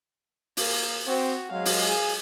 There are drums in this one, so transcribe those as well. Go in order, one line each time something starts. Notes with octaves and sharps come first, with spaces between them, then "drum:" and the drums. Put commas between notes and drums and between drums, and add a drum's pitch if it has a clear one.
A#3, drum: open hi-hat
C4 F#4
F#3 G#3 F5
drum: open hi-hat
G#4